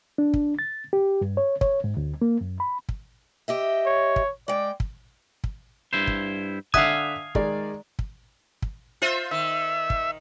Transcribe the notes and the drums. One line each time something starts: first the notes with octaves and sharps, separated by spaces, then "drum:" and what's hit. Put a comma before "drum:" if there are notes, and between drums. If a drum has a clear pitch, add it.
D4
drum: kick
A6
G4
G2
C#5
C#5, drum: kick
G#2
D2
A#3
F#2
B5
drum: kick
G4 D#5 E5
C#5
drum: kick
G#3 D5 G5
drum: kick
drum: kick
G2 E4 C5
drum: kick
D3 E5 F5 G#5 D#6 F#6, drum: kick
D#3 G#3 D5, drum: kick
drum: kick
drum: kick
F4 C5 E5
D#3 E5
drum: kick